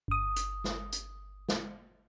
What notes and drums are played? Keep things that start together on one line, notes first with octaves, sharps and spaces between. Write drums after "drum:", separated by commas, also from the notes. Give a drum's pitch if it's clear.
G1 D#6
drum: hi-hat
drum: snare
drum: hi-hat
drum: snare